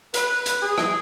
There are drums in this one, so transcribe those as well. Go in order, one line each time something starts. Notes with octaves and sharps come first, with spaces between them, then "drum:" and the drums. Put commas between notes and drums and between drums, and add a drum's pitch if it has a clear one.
B4, drum: hi-hat
drum: hi-hat
G#4
drum: rim click